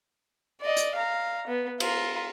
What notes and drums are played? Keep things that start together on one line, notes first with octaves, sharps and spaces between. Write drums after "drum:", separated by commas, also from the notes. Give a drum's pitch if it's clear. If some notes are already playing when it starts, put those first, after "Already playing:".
D5 D#5
drum: hi-hat
F5 A#5
B3
F4 A#5, drum: cymbal